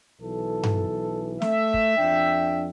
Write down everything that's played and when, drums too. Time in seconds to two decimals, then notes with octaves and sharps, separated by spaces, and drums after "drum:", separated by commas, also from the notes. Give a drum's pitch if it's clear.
0.21 B1 E3 A4
0.63 drum: tom G2
1.42 A3 E5, drum: snare
1.74 drum: kick
1.98 F2 D4 G5